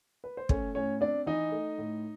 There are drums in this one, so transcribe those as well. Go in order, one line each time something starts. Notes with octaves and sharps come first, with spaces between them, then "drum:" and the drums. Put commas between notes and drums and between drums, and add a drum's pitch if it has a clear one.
B4
C5
A3 C#4 C#5, drum: kick
A2 C#4 C#5
C4 D4 D5
E3 D#4 D#5
A3
A2